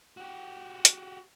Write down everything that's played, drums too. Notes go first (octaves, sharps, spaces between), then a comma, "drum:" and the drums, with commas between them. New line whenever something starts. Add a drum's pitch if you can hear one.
F#4 G4
drum: hi-hat